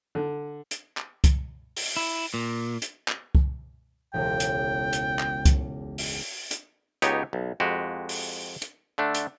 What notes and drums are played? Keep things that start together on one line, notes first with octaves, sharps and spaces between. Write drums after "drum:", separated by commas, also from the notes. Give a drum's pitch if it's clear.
D3
drum: hi-hat
drum: clap
drum: kick C2, hi-hat
drum: open hi-hat
E4
A#2
drum: hi-hat
drum: clap
drum: kick C2
E1 C#2 G5
drum: hi-hat
drum: hi-hat
drum: clap
drum: kick C2, hi-hat
drum: open hi-hat
drum: hi-hat
C#2 B3 D#4 G4 C#5, drum: hi-hat
B1
F2 G#3 F#4 G4
drum: open hi-hat
drum: hi-hat
D3 A3 D4
drum: hi-hat